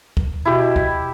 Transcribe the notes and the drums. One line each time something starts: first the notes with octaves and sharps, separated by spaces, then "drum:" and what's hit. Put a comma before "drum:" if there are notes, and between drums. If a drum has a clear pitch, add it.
drum: kick
B2 E4 G4
drum: kick